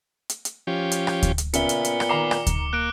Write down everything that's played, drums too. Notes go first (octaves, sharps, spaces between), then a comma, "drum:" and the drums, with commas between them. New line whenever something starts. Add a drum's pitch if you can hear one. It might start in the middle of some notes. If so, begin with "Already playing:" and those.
drum: hi-hat
drum: hi-hat
F3 C#4 G4
drum: hi-hat
drum: rim click
drum: kick D2, hi-hat
drum: hi-hat
A#2 C#3 B3 E5 C#7 G7, drum: hi-hat
drum: hi-hat
drum: hi-hat
drum: rim click
D#3 A#5 D6 C7
drum: rim click
drum: kick D2, hi-hat
A#3 F#6 D7